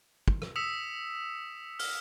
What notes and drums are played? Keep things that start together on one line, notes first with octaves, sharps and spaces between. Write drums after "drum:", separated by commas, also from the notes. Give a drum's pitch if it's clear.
drum: kick
drum: rim click
D#6 E6 B6 C#7 E7
F6, drum: open hi-hat